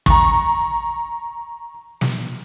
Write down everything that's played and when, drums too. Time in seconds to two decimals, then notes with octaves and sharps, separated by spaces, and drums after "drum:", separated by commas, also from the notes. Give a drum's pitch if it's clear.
0.06 A#5 C#6, drum: kick
2.01 drum: snare